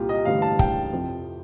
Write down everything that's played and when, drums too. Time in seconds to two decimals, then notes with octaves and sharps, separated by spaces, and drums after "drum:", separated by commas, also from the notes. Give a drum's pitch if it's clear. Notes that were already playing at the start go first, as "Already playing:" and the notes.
Already playing: C2 A#2 G3 F4 G4
0.09 D#5
0.25 A1 G2 D3 G3 F5
0.42 A5
0.59 G5, drum: kick
0.93 F2 C3 F3